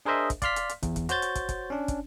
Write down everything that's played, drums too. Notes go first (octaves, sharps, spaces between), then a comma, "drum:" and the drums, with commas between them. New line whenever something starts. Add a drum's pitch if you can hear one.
D4 G#4 A#4 C5 D#5 E5
drum: kick, hi-hat
D5 F5 C6 F6 B6, drum: kick, hi-hat
drum: hi-hat
drum: hi-hat
E2, drum: kick, hi-hat
drum: kick, hi-hat
F#4 C5 C#5 G6 A6, drum: hi-hat
drum: hi-hat
drum: kick, hi-hat
drum: kick, hi-hat
C#4 D4
drum: kick, hi-hat